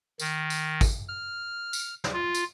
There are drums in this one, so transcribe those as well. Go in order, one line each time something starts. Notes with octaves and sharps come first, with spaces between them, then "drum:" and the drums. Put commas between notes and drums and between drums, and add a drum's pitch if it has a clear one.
D#3, drum: tambourine
drum: tambourine
drum: kick, tambourine
F6
drum: tambourine
drum: snare
F4
drum: tambourine